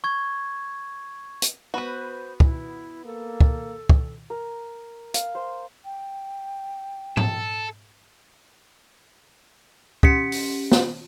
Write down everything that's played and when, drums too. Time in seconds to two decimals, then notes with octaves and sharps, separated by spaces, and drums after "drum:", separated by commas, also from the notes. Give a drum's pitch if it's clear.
0.04 C#6 G#6
1.42 drum: hi-hat
1.74 B3 F#4 B4 C5 B5 D#7
2.40 E4, drum: kick
3.05 A#3 A4
3.40 drum: kick
3.89 drum: kick
4.30 A#4
5.14 F5, drum: hi-hat
5.35 C5
5.85 G5
7.17 A4, drum: tom G#2
10.03 C#4 G4 B6 C#7, drum: kick
10.32 drum: open hi-hat
10.72 drum: snare